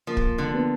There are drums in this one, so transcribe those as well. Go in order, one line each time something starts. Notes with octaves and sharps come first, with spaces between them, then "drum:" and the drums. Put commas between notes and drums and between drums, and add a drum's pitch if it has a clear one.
F3 A#3
drum: kick
D3
B3